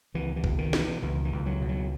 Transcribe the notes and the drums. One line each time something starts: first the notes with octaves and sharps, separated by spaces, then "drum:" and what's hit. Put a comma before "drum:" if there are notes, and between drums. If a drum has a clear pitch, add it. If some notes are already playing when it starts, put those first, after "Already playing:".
C#2 E3
E3
B2, drum: kick
D#3
B2, drum: snare
E3
C#2 E3
E3
C#2
F#3
B2
F#3